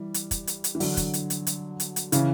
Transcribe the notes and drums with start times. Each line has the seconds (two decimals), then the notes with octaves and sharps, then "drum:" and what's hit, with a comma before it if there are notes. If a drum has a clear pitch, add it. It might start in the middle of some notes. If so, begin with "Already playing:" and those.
Already playing: E3 G3
0.14 drum: hi-hat
0.31 drum: kick, hi-hat
0.47 drum: hi-hat
0.64 drum: hi-hat
0.75 E3
0.80 D3 F#3, drum: open hi-hat
0.97 drum: kick, hi-hat
1.14 drum: hi-hat
1.30 drum: hi-hat
1.47 drum: hi-hat
1.80 drum: hi-hat
1.96 drum: hi-hat
2.12 C#3 E3, drum: hi-hat